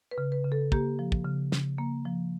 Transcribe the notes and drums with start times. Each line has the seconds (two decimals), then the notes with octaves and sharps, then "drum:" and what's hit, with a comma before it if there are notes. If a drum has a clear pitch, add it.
0.11 B4
0.18 C#3
0.32 B4
0.44 C#3
0.52 A4
0.72 A#3 G4, drum: kick
0.99 F3
1.12 drum: kick
1.25 C#3
1.52 C#3, drum: snare
1.78 A#3
2.05 F3